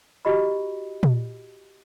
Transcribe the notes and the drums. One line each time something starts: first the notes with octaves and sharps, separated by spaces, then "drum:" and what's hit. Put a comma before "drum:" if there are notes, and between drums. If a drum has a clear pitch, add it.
E4 F#4 G4 D#5 B5
drum: tom A#2